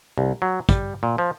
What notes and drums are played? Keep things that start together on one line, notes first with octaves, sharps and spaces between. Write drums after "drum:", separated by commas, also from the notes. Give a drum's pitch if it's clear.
C2
F#3
G3, drum: kick, hi-hat
A#2
F3